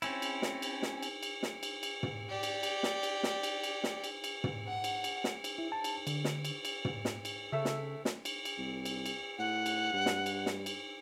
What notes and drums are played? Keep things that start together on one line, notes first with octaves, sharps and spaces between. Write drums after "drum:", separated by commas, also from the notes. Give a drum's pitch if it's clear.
C4 C#4 E4, drum: cymbal
drum: cymbal
drum: snare
drum: cymbal
drum: snare
drum: cymbal
drum: cymbal
drum: snare
drum: cymbal
drum: cymbal
drum: tom
G4 D5
drum: cymbal
drum: cymbal
drum: snare
drum: cymbal
drum: snare
drum: cymbal
drum: cymbal
drum: snare
drum: cymbal
drum: cymbal
drum: tom
F#5
drum: cymbal
drum: cymbal
drum: snare
drum: cymbal
E4
A5
drum: cymbal
D3, drum: cymbal
drum: snare
drum: cymbal
drum: cymbal
drum: tom
drum: snare
drum: cymbal
C#3 A3 E5
drum: snare
drum: snare
drum: cymbal
drum: cymbal
C2
drum: cymbal
drum: cymbal
A2 F#5
drum: cymbal
G2
drum: snare
drum: cymbal
drum: snare
drum: cymbal